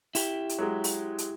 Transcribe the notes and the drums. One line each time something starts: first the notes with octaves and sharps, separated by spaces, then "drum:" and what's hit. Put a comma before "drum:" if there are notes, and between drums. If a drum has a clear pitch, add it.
E4 G4, drum: open hi-hat
drum: hi-hat
F#3 G#3
drum: open hi-hat
drum: hi-hat